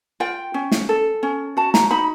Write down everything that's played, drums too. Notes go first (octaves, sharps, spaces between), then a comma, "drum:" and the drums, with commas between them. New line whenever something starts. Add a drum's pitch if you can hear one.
F4 G5
C#4
drum: snare
A4
C#4
F#4 A5
A#5, drum: snare
D#4 B5